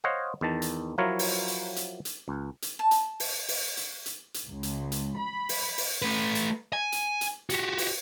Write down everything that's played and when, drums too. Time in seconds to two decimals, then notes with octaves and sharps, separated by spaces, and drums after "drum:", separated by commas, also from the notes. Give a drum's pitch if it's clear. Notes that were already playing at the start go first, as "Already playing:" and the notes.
0.04 C5 C#5 D#5 F5 F#5
0.41 E2 D#3 A5
0.62 drum: hi-hat
0.98 F3 F#3 E4 F4 A#4 C#5
1.19 drum: open hi-hat
1.48 drum: hi-hat
1.76 drum: hi-hat
2.05 drum: hi-hat
2.28 C#2
2.62 drum: hi-hat
2.79 A5
2.91 drum: hi-hat
3.20 drum: open hi-hat
3.48 drum: open hi-hat
3.77 drum: hi-hat
4.06 drum: hi-hat
4.34 drum: hi-hat
4.47 C#2
4.63 drum: hi-hat
4.92 drum: hi-hat
5.16 B5
5.49 drum: open hi-hat
5.78 drum: open hi-hat
6.02 A3 B4
6.35 drum: hi-hat
6.73 G#5
6.92 drum: hi-hat
7.21 drum: hi-hat
7.50 F#4 G4, drum: hi-hat
7.78 drum: open hi-hat